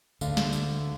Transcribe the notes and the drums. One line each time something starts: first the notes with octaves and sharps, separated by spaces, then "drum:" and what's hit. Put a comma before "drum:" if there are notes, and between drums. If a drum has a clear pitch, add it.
D2 D3 A3 F5, drum: tambourine
drum: snare
drum: tambourine